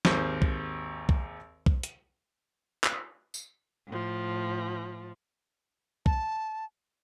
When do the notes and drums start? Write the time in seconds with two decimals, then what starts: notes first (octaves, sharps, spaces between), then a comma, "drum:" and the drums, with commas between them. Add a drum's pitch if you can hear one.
0.05 G#1 D#2 C5, drum: snare
0.42 drum: kick B1
1.09 drum: kick B1
1.66 drum: kick B1
1.83 drum: hi-hat
2.84 drum: clap
3.34 drum: tambourine
3.88 A2 F3
6.06 A5, drum: kick B1